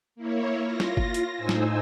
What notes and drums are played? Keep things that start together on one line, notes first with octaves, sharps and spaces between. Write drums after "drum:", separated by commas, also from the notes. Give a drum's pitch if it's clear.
A#3 E4 C#5
F4 A#6
drum: snare
drum: kick
drum: hi-hat
A2 D#4 C5 G#5 E6
drum: snare